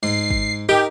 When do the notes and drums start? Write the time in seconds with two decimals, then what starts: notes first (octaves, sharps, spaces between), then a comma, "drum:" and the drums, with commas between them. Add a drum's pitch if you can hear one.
0.03 G#2 C7
0.30 drum: kick
0.69 D#4 G4 A#4